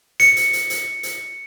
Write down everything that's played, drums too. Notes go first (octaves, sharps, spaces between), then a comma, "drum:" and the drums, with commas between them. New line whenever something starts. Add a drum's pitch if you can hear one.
C#7, drum: hi-hat
drum: hi-hat
drum: hi-hat
drum: hi-hat
drum: hi-hat